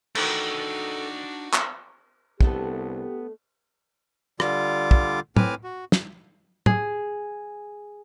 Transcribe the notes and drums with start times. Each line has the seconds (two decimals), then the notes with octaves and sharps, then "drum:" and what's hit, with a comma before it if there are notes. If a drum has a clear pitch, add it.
0.15 D#3 E3 A3 D4 D#4 F#4 A4 D#5, drum: cymbal
1.54 drum: clap
2.41 C2 A3 B3 D4 G4 A4, drum: kick
4.40 D3 G3 F4 D6, drum: rim click
4.91 drum: kick
5.37 A2 C4 B4 G#5 D6 F6, drum: tom
5.64 F#4
5.92 drum: snare
6.66 G#4, drum: tom